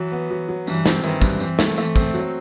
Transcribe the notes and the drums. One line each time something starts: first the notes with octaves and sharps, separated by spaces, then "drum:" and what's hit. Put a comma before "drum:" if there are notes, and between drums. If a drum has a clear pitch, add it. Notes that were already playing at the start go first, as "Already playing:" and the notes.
Already playing: E3 F#3
B3
F#3
F#3
G2 E3, drum: tambourine
C4, drum: snare
D#3 E3, drum: tambourine
G2, drum: kick, tambourine
E3 C4, drum: tambourine
A3, drum: snare
E3 A3, drum: tambourine
C4, drum: kick, tambourine
F#3